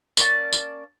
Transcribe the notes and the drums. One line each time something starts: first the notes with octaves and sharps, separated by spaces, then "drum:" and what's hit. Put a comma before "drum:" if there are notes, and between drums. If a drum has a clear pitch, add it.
A#3 C#4 D5 A5, drum: tambourine
drum: tambourine